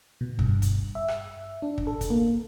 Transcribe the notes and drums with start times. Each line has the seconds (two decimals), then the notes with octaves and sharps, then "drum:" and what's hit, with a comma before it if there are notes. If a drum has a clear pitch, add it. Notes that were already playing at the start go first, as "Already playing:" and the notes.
0.21 B2
0.39 G2, drum: kick
0.62 drum: kick, hi-hat
0.95 E5
1.08 drum: rim click
1.62 D4
1.78 drum: kick
1.87 A4
2.01 drum: kick, hi-hat
2.10 A#3